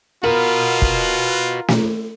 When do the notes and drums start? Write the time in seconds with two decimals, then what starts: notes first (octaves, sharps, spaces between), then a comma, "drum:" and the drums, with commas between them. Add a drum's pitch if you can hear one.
0.24 F4 F#4 A#4 B4
0.82 drum: kick
1.68 drum: snare